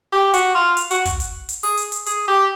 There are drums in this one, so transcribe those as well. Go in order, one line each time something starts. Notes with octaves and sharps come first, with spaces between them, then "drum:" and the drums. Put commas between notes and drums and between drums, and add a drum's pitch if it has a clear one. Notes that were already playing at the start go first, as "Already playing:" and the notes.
G4
F#4, drum: hi-hat
F4
drum: hi-hat
F#4, drum: hi-hat
drum: kick, hi-hat
drum: hi-hat
drum: hi-hat
G#4, drum: open hi-hat
drum: hi-hat
drum: hi-hat
G#4, drum: hi-hat
G4